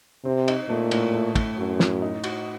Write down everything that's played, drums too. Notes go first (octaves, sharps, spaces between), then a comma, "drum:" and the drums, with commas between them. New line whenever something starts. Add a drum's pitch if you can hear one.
C3 C4
D#4, drum: cymbal
A#2 A3
A2, drum: cymbal
A3
A2, drum: kick, cymbal
F#2 F#3
A2, drum: snare
D#4
F#4, drum: cymbal